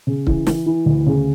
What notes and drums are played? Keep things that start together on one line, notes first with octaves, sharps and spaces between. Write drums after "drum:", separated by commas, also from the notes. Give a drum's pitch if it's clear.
C#3
E3, drum: kick C#1
E3, drum: snare
E3
D2
C#3